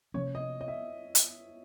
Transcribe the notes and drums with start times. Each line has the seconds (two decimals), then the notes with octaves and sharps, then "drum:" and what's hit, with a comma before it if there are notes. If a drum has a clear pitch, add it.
0.14 C3 F3 A#3 C#4 C#5
0.35 D#5
0.61 D#5
0.68 E5
1.15 drum: hi-hat